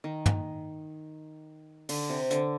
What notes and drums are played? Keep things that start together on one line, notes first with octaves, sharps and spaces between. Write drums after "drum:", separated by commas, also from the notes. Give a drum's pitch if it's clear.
D#3
drum: tom
D3, drum: open hi-hat
C3
D3, drum: hi-hat